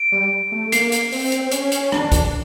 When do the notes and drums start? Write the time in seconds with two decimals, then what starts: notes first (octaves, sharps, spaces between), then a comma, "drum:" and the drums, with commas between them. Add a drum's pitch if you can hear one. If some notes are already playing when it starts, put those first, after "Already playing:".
Already playing: D7
0.12 G3
0.52 A3
0.72 A#3 C7, drum: hi-hat
0.92 drum: hi-hat
1.12 C4, drum: open hi-hat
1.32 drum: hi-hat
1.47 C4
1.52 C#4, drum: hi-hat
1.72 drum: hi-hat
1.81 C#4
1.92 D4, drum: rim click
2.12 drum: kick, hi-hat